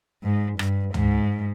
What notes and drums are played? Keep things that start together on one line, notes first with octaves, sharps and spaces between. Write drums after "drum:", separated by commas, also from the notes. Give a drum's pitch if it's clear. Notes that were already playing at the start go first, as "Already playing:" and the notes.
G#2
G2, drum: rim click
G#2, drum: tom